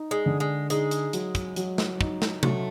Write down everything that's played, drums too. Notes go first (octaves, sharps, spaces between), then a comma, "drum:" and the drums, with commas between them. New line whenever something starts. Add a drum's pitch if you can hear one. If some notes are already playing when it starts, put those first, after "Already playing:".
Already playing: D#4
G#3
D3
G#3
G#3 D#4, drum: hi-hat
drum: hi-hat
F#3, drum: hi-hat
drum: kick, hi-hat
F#3, drum: hi-hat
drum: snare
D#4, drum: kick
drum: snare
F#3 A3, drum: tom C3